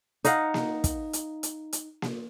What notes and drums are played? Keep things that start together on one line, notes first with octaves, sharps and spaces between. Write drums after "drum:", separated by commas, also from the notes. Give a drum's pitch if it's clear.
D#4 D#5 F5 F#5, drum: hi-hat
drum: snare A#3
drum: kick, hi-hat
drum: hi-hat
drum: hi-hat
drum: hi-hat
drum: snare A#3